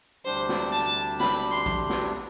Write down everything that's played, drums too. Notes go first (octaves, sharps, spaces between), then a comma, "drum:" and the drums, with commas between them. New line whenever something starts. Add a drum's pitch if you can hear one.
D2 C3 G3 D4 G4 C5
drum: snare
A5
B5, drum: snare
C6
drum: kick A1
drum: snare